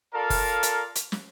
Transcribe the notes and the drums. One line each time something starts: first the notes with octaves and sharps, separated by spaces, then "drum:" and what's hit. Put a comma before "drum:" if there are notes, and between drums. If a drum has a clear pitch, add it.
F4 A4 A#4 D5 F5 A#5
drum: kick F#1, open hi-hat
drum: hi-hat
drum: hi-hat
drum: snare